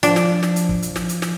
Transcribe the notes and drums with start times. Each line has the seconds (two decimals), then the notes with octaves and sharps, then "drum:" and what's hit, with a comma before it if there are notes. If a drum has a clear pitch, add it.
0.03 F3 D4, drum: hi-hat
0.16 drum: snare
0.43 drum: snare
0.56 drum: hi-hat
0.69 drum: kick
0.82 drum: hi-hat
0.96 drum: snare
1.09 drum: hi-hat
1.22 drum: snare